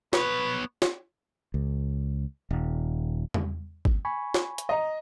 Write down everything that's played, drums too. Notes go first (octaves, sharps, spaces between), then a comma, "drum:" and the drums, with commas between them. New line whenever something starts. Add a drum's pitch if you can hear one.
B3 B4 C#5, drum: snare
drum: snare
C#2
D#1
drum: tom E2
drum: kick
G#5 B5 C#6
drum: snare
drum: hi-hat
D#5 A#5